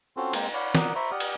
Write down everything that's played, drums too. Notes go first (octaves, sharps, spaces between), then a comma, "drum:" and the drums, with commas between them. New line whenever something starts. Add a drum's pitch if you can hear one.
C4 C#4 F4 F#4 A4 C5
G#3 A#3 C4, drum: cymbal
C#5 D5 F5 F#5 B5
A#4 D5 F#5 D#6 F#6, drum: snare
C5 E5 A#5 B5 C#6
G4 D5 F#5 D#6 F6
drum: cymbal